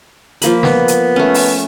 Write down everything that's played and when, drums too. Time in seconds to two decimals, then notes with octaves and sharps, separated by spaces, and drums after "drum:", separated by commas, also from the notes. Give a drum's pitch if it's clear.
0.42 F3 A#3 B5, drum: hi-hat
0.63 B3, drum: snare
0.88 drum: hi-hat
1.16 A3 C#4
1.34 drum: open hi-hat